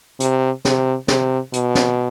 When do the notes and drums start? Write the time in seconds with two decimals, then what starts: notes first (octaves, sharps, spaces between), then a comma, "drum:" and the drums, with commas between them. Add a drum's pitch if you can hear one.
0.20 C3, drum: hi-hat
0.65 C3, drum: snare
1.08 C3, drum: snare
1.53 B2, drum: hi-hat
1.75 drum: snare